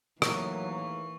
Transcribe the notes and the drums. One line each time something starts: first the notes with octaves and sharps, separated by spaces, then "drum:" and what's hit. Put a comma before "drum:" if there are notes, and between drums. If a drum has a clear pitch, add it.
D#2 E3 F#3 A3 A#3 C#6, drum: rim click